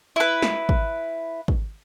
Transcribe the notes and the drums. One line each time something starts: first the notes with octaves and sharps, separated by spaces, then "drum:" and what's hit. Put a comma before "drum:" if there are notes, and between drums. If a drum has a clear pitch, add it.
E4 B4
drum: snare
drum: kick
drum: kick